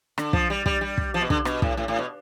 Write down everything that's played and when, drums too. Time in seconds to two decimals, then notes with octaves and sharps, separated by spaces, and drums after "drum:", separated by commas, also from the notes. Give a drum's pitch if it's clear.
0.18 D3, drum: rim click
0.33 F3, drum: kick
0.50 G3
0.66 G3, drum: kick
0.81 G3
0.98 drum: kick
1.14 F3
1.21 B2
1.30 D3, drum: kick
1.45 B2, drum: rim click
1.62 A2, drum: kick
1.77 A2
1.88 A2
1.99 B2